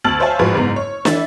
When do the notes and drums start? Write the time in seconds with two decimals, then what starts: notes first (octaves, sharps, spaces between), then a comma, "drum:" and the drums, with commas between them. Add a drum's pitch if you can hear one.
0.04 D2 A5 E6 F6 A6 F#7
0.20 C5 C#5 E5 F5 G#5 A5
0.39 A1 G#2 F3 F#4 B4
0.54 F#1 G#2 B3 A#5
0.76 C#5
1.05 E3 E4 E5 A6, drum: snare